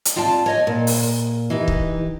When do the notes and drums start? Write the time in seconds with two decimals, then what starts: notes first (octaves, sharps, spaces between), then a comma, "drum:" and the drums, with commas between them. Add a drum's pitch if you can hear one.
0.05 drum: hi-hat
0.16 C4 F4 D5 G5 A5
0.46 C#5 D#5 G#5
0.67 A#2
0.87 drum: open hi-hat
1.50 E3 D#4 G4
1.68 drum: kick C#1